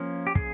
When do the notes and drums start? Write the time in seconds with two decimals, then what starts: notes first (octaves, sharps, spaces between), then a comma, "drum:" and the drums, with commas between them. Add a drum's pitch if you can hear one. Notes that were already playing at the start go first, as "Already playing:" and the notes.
Already playing: F3 A#3 C#4
0.27 G4
0.35 G#4, drum: kick